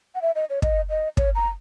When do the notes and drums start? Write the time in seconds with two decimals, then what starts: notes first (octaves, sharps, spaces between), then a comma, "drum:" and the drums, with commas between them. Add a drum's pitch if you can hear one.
0.15 F#5
0.22 E5
0.35 D#5
0.50 C#5
0.62 D#5, drum: kick
0.90 D#5
1.17 C#5, drum: kick
1.35 A#5